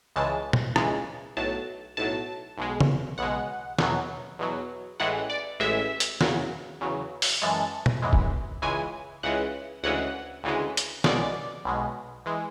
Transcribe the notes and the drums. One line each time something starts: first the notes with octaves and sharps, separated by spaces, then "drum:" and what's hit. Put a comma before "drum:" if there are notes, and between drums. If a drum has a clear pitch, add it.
C#2 C#3 E3 G#3 A5
drum: tom
C#2 C#3 E3 G#3, drum: rim click
B1 A2 F#3 A5
B1 A2 F#3 A5
B1 B2 G#3
drum: tom C#3
B1 B2 G#3 F#5
E2 B2 F#3, drum: snare
E2 B2 F#3
A1 A2 E3 G#3 F#5
D5
A1 A2 E3 G#3 E5
drum: hi-hat
E2 C#3 F#3, drum: snare
E2 C#3 F#3
drum: open hi-hat
F#2 E3 G#3 A5
drum: tom
F#2 E3 G#3
drum: kick
C#2 C#3 E3 G#3 G#5
C#2 C#3 E3 G#3 F#5
D2 C#3 E3 G#3 F#5
D2 C#3 E3 G#3
drum: hi-hat
B1 B2 G#3 D5, drum: snare
B1 B2 G#3
E3 G#3